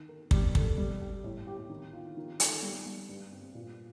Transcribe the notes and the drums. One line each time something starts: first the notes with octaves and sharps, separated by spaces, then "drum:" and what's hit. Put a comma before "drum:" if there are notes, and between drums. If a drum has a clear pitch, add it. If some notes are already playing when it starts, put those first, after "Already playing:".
Already playing: D#3
A#4
G3, drum: kick
A4, drum: kick
G3
G4
A2
G4
D#3
F4
D#3
A4, drum: hi-hat
G3
G3
G2
C4
A#2